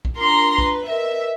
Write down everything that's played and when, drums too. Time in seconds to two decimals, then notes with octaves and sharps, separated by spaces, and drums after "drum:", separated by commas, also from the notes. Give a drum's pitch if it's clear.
0.05 drum: kick
0.18 D4 F4 A#4 A#5 C6
0.58 B4, drum: kick
0.90 A#4 B4 D#5 E5